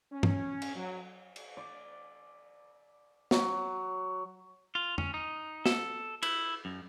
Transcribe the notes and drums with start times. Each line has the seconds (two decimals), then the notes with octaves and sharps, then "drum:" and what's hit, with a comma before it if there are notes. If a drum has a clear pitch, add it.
0.12 C#4
0.23 drum: tom
0.62 drum: cymbal
0.76 F#3
1.36 drum: cymbal
1.57 D5
3.31 F#3, drum: snare
4.75 F4
4.98 C#4, drum: tom F2
5.14 D#4
5.66 A4, drum: snare
6.23 E4, drum: cymbal
6.65 F#2